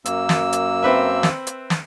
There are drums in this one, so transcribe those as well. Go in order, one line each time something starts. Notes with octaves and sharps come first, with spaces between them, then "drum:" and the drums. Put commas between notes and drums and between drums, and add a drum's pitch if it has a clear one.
F#2 A#3 E6, drum: hi-hat
drum: snare
drum: hi-hat
C4 B4 E5
drum: snare
drum: hi-hat
drum: snare